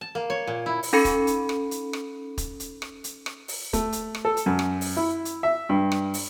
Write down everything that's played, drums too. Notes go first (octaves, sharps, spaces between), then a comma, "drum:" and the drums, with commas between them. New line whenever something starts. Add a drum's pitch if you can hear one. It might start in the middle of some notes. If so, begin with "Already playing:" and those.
A5
A#3
C#5
A#2
E4
drum: open hi-hat
C#4 D#4 A4 B5 C#7
drum: kick, hi-hat
drum: hi-hat
drum: rim click
drum: hi-hat
drum: rim click
drum: kick, hi-hat
drum: hi-hat
drum: rim click
drum: hi-hat
drum: rim click
drum: open hi-hat
A3, drum: kick, hi-hat
drum: hi-hat
drum: rim click
A4
drum: hi-hat
F#2
drum: rim click
drum: open hi-hat
E4
drum: hi-hat
E5
G2
drum: rim click
drum: open hi-hat